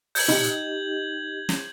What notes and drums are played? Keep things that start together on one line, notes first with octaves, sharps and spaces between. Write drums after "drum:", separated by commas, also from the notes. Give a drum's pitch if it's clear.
G6 G#6 F#7, drum: open hi-hat
D#4 G4, drum: tom
drum: snare